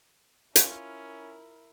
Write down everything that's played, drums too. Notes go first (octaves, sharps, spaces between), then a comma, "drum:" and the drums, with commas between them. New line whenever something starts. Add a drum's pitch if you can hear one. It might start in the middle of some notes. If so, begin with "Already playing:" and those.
C#4 E4 F4 A#4, drum: hi-hat